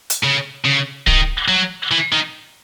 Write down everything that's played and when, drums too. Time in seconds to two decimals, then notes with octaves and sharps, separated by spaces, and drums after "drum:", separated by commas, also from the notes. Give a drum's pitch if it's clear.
0.10 drum: hi-hat
0.23 C#3
0.65 C#3
1.07 D#3, drum: kick D1
1.48 F#3
1.91 E3
2.12 D#3